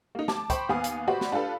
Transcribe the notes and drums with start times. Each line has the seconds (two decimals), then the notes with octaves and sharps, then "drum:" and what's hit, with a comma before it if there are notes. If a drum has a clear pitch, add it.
0.15 A#3 D#4
0.28 A5 D6, drum: snare
0.50 C5 G5 B5 C#6, drum: kick, hi-hat
0.69 D#2 B3 F5 G#5 D#6
0.84 drum: hi-hat
1.08 F#4 G4 B4 C5 D5 B5
1.21 drum: snare
1.32 D4 F4 G4 A4 B4